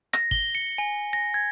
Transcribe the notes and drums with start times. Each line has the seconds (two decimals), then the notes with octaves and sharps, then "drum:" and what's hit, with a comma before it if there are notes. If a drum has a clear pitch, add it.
0.13 A#6, drum: rim click
0.31 G7, drum: kick
0.55 C#7
0.78 G#5
1.13 A#6
1.34 G#6